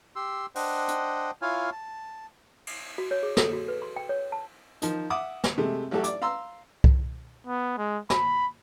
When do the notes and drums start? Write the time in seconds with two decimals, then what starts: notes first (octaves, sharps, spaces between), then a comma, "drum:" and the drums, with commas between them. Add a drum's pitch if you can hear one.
0.16 G4 C6 E6
0.55 D4 C5 D#5 F#5 G5, drum: open hi-hat
0.88 drum: hi-hat
1.42 E4 F4 C#5 F5 G#5
1.72 A5
2.67 drum: cymbal
2.98 F#4
3.11 C#5
3.23 G#4
3.37 A4, drum: snare
3.53 F#4
3.68 B4
3.82 C6
3.96 G5
4.09 C#5
4.32 A5
4.82 D#3 F3 D#4, drum: hi-hat
5.10 E5 F#5 D6 D#6
5.44 drum: snare
5.58 C3 G#3 A3
5.91 A1 F#3 F#4 G4 A4
6.04 D5 D6, drum: hi-hat
6.22 F5 A#5 C6 E6
6.84 drum: kick C2
7.47 B3
7.78 G#3
8.10 B5, drum: snare